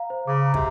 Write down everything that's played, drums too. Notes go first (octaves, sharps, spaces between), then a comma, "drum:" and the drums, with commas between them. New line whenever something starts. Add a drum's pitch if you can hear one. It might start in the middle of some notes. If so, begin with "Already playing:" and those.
Already playing: F5 A#5
C5
C#3 D6
A#5
C3, drum: kick